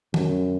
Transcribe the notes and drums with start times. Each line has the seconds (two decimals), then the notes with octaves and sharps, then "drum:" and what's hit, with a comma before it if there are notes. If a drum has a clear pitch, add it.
0.14 F#2, drum: tom